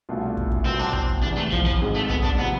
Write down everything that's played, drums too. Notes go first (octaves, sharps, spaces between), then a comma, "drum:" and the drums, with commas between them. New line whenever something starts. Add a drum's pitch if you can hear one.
C2 B2 A3 D4 F4
drum: kick
drum: kick
C2 B2 B3 C4
D4
C4, drum: kick
drum: kick
E2 C3 E3 D4
A3
F3, drum: kick
F3, drum: kick
G#1 G#2 G#3 C4 G#4
A3
B3, drum: kick
D4, drum: kick
C3 F3 B3